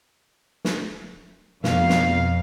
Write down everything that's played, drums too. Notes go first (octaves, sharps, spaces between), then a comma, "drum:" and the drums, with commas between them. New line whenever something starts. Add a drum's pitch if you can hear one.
drum: snare
F2 B2 B3 F5, drum: snare
drum: snare